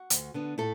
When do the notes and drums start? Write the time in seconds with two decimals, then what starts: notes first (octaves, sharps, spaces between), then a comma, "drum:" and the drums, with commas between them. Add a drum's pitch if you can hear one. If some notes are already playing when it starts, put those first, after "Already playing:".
Already playing: F#4
0.10 D2, drum: hi-hat
0.34 D3 B3 D4
0.58 A2 E4 A4